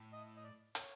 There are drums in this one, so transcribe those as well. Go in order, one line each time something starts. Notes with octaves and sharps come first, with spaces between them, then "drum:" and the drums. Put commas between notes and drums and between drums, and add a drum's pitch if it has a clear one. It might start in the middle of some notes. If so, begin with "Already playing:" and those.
Already playing: A2
D#5
D#5
D5
C#5, drum: hi-hat